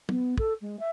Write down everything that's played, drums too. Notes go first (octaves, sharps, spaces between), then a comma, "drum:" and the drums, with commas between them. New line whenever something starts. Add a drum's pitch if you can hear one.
B3, drum: tom
A4, drum: kick
G#3
E5